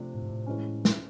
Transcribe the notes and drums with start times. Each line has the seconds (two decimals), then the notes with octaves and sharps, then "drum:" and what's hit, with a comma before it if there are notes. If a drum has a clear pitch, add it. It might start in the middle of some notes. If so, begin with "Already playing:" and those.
Already playing: C3 F3 A3 D4
0.14 A2
0.22 G#2
0.30 A2
0.46 E3 G#3 C#4
0.85 drum: snare